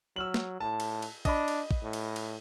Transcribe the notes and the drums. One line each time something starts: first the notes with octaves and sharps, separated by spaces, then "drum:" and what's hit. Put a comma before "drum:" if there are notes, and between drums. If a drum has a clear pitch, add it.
F#3 E6 F6 F#7
drum: snare
A2 A5
drum: cymbal
drum: cymbal
D4 D#5 B5, drum: kick, cymbal
drum: cymbal
drum: kick
A2
drum: cymbal
drum: cymbal